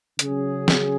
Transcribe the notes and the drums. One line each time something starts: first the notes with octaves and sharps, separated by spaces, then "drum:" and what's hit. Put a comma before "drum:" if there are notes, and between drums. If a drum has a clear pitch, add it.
C#3 F#3 C#4 G#4, drum: hi-hat
drum: snare